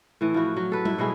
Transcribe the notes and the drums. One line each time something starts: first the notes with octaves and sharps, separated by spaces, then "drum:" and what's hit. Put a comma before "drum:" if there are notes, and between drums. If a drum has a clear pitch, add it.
A2 E3
F3 E4 F#4
F#3
A4 B4
E4, drum: tom G3
B2 F#3 E4 G#4